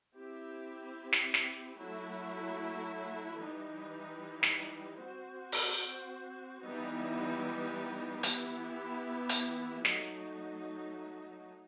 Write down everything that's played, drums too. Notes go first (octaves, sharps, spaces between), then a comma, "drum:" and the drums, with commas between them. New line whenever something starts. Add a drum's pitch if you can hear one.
C4 E4 G4
drum: snare
drum: snare
F#3 A3 E4
E3 G3 D#4
drum: snare
C4 F#4 C5
drum: open hi-hat
E3 G3 B3 D#4
E3 B3 E4 G4, drum: hi-hat
drum: hi-hat
F#3 A3 D#4, drum: snare